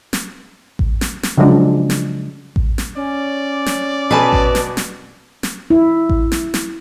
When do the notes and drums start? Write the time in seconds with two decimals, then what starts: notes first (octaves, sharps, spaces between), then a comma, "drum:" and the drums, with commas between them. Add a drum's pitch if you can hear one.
0.13 drum: snare
0.79 drum: kick A1
1.01 drum: snare
1.23 drum: snare
1.37 C#3 F3 F#3 G#3 D4
1.90 drum: snare
2.56 drum: kick A1
2.78 drum: snare
2.96 C#4 D5
3.66 drum: snare
4.11 B2 B4 G#5 A5 B5
4.33 drum: kick A1
4.55 drum: snare
4.77 drum: snare
5.43 drum: snare
5.70 E4
6.09 drum: kick A1
6.32 drum: snare
6.54 drum: snare